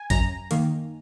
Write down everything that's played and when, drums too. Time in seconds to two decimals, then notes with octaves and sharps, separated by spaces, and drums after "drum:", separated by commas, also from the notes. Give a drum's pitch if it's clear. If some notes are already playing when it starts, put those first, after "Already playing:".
Already playing: G#5
0.10 F#2 A#5, drum: kick, hi-hat
0.51 D#3 A#3, drum: hi-hat